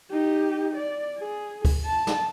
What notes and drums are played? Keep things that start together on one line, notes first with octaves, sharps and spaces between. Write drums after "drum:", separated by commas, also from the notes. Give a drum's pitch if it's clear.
D#4 G4
D5
G#4
drum: kick, open hi-hat
A5
drum: snare